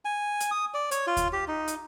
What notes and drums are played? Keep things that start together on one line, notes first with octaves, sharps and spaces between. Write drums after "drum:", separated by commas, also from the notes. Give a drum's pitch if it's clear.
G#5
drum: hi-hat
D#6
D5
C#5, drum: hi-hat
F4
drum: kick D2, hi-hat
G4
D#4
drum: hi-hat